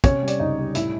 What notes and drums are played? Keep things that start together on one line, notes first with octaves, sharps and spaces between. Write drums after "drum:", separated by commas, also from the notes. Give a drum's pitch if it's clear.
C3 C#4 C#5, drum: kick, hi-hat
G3
D5, drum: hi-hat
C#2 D#4 D#5
G3
A2 E4 E5, drum: hi-hat